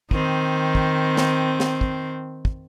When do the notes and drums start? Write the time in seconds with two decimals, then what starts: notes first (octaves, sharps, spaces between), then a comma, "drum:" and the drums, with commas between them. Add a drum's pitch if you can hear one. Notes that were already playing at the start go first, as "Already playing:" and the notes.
0.11 D#3 C4, drum: kick
0.75 drum: kick
1.17 drum: snare
1.60 drum: snare
1.81 drum: kick
2.45 drum: kick